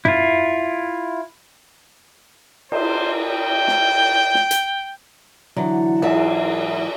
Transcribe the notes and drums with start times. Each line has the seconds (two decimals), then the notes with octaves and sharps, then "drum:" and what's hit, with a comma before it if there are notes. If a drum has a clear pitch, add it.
0.05 E4 F4, drum: tom
2.72 C5, drum: cymbal
3.26 G5
3.68 drum: snare
4.35 drum: snare
4.51 drum: hi-hat
5.56 D3 E3 F#3
6.02 G#2 E3 F#3 G#4 E5 A5, drum: cymbal